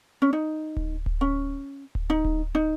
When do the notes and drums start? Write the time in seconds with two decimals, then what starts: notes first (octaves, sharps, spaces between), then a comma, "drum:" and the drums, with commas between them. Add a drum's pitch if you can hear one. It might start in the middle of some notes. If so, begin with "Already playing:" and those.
0.22 C#4
0.33 D#4
0.77 drum: kick D1
1.06 drum: kick D1
1.21 C#4
1.95 drum: kick D1
2.10 D#4
2.25 drum: kick D1
2.55 D#4